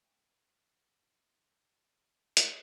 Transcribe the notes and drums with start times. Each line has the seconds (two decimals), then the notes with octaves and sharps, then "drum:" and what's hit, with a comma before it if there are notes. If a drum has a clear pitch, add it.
0.02 A3 C#4 F#5 G5
2.37 drum: hi-hat